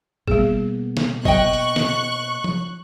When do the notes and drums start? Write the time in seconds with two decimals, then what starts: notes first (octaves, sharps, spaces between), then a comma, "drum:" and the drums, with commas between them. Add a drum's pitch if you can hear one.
0.28 B2 G3 A#3 B3 G#4, drum: kick
0.97 drum: snare
1.25 D#5 G5 C#6 F#6, drum: kick
1.53 drum: hi-hat
1.76 drum: snare
2.44 drum: tom F3